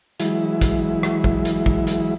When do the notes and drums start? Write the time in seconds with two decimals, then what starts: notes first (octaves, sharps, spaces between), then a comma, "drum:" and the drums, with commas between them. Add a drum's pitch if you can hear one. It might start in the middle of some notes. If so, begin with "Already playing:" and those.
0.20 E3 F#3 G#3 E4, drum: hi-hat
0.61 drum: kick, hi-hat
1.03 drum: rim click
1.24 drum: kick
1.45 drum: hi-hat
1.66 drum: kick
1.87 drum: hi-hat